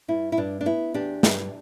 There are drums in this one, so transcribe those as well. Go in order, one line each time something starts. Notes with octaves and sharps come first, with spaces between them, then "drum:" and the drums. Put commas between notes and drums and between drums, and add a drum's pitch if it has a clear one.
G2 E4
E4
G2 D4
D4
B3 E4
E2 D4 G4
G2, drum: snare